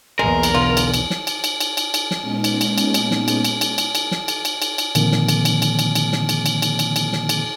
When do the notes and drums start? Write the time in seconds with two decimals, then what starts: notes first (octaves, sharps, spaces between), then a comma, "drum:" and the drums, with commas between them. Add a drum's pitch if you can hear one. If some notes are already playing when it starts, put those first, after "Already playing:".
0.19 B1 E2 G#3 A#3 G#4 A#4
0.43 drum: cymbal
0.55 B2 D3 F4
0.77 drum: cymbal
0.94 drum: cymbal
1.10 drum: snare
1.27 drum: cymbal
1.44 drum: cymbal
1.60 drum: cymbal
1.77 drum: cymbal
1.94 drum: cymbal
2.11 drum: snare
2.20 A#2 G#3 B3 C#4 D#4
2.44 drum: cymbal
2.61 drum: cymbal
2.78 drum: cymbal
2.94 drum: cymbal
3.11 drum: snare
3.28 drum: cymbal
3.45 drum: cymbal
3.61 drum: cymbal
3.78 drum: cymbal
3.95 drum: cymbal
4.11 drum: snare
4.28 drum: cymbal
4.45 drum: cymbal
4.62 drum: cymbal
4.78 drum: cymbal
4.95 A#2 D3 D#3 F3 A#3 C4, drum: cymbal
5.12 drum: snare
5.29 drum: cymbal
5.45 drum: cymbal
5.62 drum: cymbal
5.79 drum: cymbal
5.95 drum: cymbal
6.12 drum: snare
6.29 drum: cymbal
6.46 drum: cymbal
6.62 drum: cymbal
6.79 drum: cymbal
6.96 drum: cymbal
7.13 drum: snare
7.29 drum: cymbal